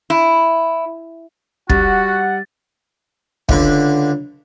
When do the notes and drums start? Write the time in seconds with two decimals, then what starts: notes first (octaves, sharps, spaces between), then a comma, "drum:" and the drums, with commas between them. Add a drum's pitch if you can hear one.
0.10 E4
1.70 G3 F#4 F#5 A6, drum: kick
3.49 C#2 D3 B5, drum: kick